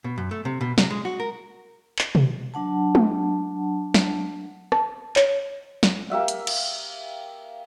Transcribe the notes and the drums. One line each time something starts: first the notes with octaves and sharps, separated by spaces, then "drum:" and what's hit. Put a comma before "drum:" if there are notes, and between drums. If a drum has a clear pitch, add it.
B2
F#2
A3
C3
B2
C3, drum: snare
G#3
F#4
A#4
drum: clap
drum: tom B2
F#3 D4 F#5 A5
drum: tom G#3
drum: snare
A5, drum: rim click
C#5, drum: clap
drum: snare
A#3 G4 E5 F#5
drum: hi-hat
drum: cymbal